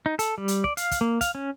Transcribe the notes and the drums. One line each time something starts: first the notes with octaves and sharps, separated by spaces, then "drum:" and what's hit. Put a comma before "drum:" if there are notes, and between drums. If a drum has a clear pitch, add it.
D#4
A4, drum: hi-hat
G3
drum: hi-hat
D5, drum: kick
F5, drum: hi-hat
drum: kick, hi-hat
A#3
F5, drum: kick, hi-hat
C#4